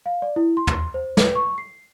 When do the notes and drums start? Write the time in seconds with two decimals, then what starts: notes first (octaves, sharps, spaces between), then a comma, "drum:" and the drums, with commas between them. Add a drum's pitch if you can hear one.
0.06 F5
0.22 D5
0.36 E4
0.57 C6
0.67 drum: tom
0.94 C5
1.17 B4, drum: snare
1.35 C#6
1.58 C7